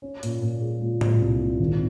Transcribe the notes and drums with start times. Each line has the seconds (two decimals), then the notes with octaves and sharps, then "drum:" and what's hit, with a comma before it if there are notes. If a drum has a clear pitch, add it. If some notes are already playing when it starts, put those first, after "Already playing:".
0.02 C#4
0.23 A#2, drum: hi-hat
0.42 A#2
0.61 G#3
0.82 A#2
1.01 A#2, drum: tom A2
1.20 C2
1.40 A#2
1.59 G#1